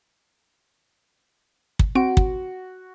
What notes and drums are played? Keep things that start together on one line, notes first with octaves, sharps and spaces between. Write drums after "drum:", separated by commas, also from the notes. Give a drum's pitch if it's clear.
drum: kick
C4 F#4 D7
drum: kick